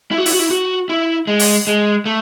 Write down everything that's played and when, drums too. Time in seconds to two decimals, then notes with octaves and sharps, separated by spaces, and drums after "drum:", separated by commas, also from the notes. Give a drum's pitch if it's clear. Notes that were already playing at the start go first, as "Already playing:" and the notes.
0.11 E4
0.18 F#4
0.26 E4, drum: open hi-hat
0.33 F#4
0.39 E4
0.50 F#4
0.89 E4
1.27 G#3
1.39 drum: open hi-hat
1.67 G#3
2.06 A3